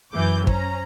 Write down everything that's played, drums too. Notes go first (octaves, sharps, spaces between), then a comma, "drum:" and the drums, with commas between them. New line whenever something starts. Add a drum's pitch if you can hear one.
F#2 E3 D6 G6
C#4 C5 A#5, drum: kick